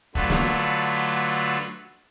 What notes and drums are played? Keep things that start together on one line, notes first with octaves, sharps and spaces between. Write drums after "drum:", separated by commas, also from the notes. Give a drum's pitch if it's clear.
D3 F#3 A3 F4 B4, drum: kick E1
drum: snare